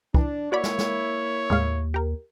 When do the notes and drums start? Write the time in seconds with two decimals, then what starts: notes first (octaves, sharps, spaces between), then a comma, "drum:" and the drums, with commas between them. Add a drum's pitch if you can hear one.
0.14 E3 D4, drum: kick
0.52 A#3 E4 F#4 C#5 D5 B5
0.64 drum: snare
0.78 drum: snare
1.50 D#2 A2 G#3 F5
1.94 G4 A#4